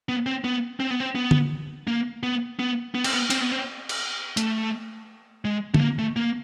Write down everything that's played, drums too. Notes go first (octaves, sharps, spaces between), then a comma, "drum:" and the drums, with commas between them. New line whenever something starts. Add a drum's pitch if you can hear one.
B3
C4
B3
C4
B3
C4
B3
drum: tom
A#3
B3
B3
B3
C4, drum: cymbal
B3
C4, drum: cymbal
B3
C4
drum: cymbal
A3, drum: hi-hat
G#3
A3, drum: tom
A#3
A3
A#3